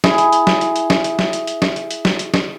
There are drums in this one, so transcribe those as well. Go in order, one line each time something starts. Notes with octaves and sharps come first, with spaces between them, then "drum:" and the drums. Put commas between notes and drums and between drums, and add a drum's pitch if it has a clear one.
E4 G#4, drum: snare
drum: hi-hat
drum: hi-hat
drum: snare
drum: hi-hat
drum: hi-hat
drum: snare
drum: hi-hat
drum: snare
drum: hi-hat
drum: hi-hat
drum: snare
drum: hi-hat
drum: hi-hat
drum: snare
drum: hi-hat
drum: snare